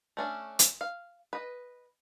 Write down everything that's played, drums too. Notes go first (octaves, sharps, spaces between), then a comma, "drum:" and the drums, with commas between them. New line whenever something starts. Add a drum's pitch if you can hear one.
A3 C#4 D4
drum: hi-hat
F5
B4 D#5